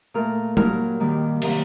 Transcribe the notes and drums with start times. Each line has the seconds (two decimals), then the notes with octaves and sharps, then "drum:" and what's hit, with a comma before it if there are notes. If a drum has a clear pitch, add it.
0.14 A#2 A3 A#4
0.57 G2 F#3 A#3 A#4, drum: tom G3
1.00 D#2 D#3 G3 A#3
1.42 C3 D#3 F#3 A#3, drum: cymbal